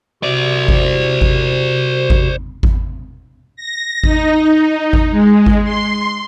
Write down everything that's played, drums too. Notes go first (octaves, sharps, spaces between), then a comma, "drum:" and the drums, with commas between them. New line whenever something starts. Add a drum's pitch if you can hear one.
C3 F#4 C5 D5
drum: kick G#1
drum: kick G#1
drum: kick G#1
drum: kick G#1
A#6
D#4, drum: kick G#1
drum: kick G#1
G#3
drum: kick G#1
C6